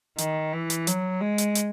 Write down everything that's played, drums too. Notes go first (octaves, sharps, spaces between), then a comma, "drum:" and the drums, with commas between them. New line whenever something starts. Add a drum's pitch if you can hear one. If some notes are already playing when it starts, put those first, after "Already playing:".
D#3, drum: hi-hat
E3
drum: hi-hat
F#3, drum: hi-hat
G#3
drum: hi-hat
drum: hi-hat